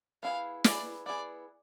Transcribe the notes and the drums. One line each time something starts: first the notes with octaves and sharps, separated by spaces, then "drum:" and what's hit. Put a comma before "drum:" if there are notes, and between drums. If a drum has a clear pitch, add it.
B3 E4 G#4 F5
B3 E4 G#4 D5, drum: snare
B3 E4 G#4 D5